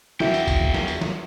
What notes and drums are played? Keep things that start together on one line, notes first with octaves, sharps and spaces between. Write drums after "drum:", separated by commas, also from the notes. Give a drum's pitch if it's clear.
E2 E4 F#4 E5 G5, drum: snare
drum: tambourine
drum: kick, tambourine
drum: kick
drum: snare
drum: tambourine
drum: snare